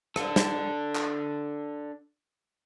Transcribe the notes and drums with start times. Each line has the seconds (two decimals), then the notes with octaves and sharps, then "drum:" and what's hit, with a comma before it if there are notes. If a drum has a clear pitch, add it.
0.16 D4 A4, drum: rim click
0.36 drum: snare
0.95 drum: clap